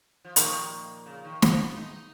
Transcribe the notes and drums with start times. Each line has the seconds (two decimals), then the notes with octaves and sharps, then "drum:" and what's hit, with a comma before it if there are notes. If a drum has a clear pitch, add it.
0.25 F3
0.36 A#2 D#3 F3 A#3 D#4, drum: hi-hat
1.06 C#3
1.25 D#3
1.42 F3, drum: snare
1.59 B3
1.77 D#4